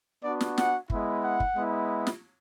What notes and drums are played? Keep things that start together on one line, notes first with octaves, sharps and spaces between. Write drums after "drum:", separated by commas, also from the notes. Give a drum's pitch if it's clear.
B3 D4 F#4 D5
drum: snare
F#5, drum: snare
G#3 B3 E4, drum: kick
F#5
drum: kick
G#3 B3 E4
drum: snare